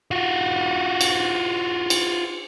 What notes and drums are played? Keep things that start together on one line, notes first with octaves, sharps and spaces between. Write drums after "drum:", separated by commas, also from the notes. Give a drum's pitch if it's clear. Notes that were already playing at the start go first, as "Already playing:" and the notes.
F4 F#4
drum: cymbal
drum: cymbal